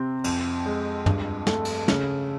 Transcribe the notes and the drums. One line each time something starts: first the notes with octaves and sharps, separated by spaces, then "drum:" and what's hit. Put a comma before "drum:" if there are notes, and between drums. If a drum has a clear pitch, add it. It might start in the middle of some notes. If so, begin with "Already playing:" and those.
Already playing: C3 C4
F2, drum: cymbal
G#3
G2, drum: tom
A3, drum: snare
drum: cymbal
C#3, drum: snare